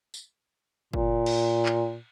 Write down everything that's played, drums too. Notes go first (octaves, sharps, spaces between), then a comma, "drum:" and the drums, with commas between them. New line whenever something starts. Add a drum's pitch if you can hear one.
drum: tambourine
A#2, drum: kick
drum: cymbal
drum: clap